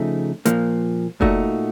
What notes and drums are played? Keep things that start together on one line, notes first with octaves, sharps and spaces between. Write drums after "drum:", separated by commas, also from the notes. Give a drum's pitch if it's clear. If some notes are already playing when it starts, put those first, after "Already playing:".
Already playing: C#3 F3 A3 D#4
A#2 F3 A#3, drum: hi-hat
A#2 A3 D#4 F#4, drum: kick F1